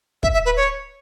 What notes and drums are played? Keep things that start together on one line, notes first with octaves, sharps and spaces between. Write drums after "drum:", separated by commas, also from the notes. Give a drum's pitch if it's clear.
E5, drum: kick
E5
B4
C#5